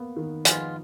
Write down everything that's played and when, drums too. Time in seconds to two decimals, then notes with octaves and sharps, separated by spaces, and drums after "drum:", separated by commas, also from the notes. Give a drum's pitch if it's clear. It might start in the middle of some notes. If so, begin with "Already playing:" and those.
Already playing: A#3 B3
0.17 D#3
0.45 F3 G#3 B3 F4, drum: hi-hat